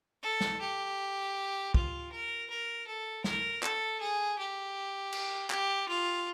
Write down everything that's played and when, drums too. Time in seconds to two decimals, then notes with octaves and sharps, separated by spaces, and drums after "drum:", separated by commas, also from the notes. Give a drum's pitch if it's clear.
0.22 A4
0.41 drum: snare
0.60 G4
1.74 F4, drum: kick
2.11 A#4
2.50 A#4
2.87 A4
3.24 A#4, drum: snare
3.63 A4, drum: clap
4.00 G#4
4.38 G4
5.12 drum: cymbal
5.50 G4, drum: clap
5.88 F4